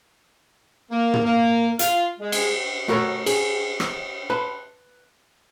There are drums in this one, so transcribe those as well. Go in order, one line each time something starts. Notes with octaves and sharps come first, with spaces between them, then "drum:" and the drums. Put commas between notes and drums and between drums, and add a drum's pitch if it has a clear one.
A#3
drum: tom
A#3
F4, drum: hi-hat
G#3
drum: cymbal
A3 F#4 A#4 B4 C#5 F#5
G#4, drum: cymbal
drum: rim click
B4 A5 B5 C6